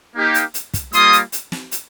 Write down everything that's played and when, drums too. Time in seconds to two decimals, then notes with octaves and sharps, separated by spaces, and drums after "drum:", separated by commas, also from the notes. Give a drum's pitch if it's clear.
0.14 A#3 D#4 G4
0.34 drum: hi-hat
0.54 drum: hi-hat
0.74 drum: kick, hi-hat
0.93 G3 A#3 F4 C6 D#6, drum: hi-hat
1.13 drum: hi-hat
1.32 drum: hi-hat
1.52 drum: snare
1.72 drum: hi-hat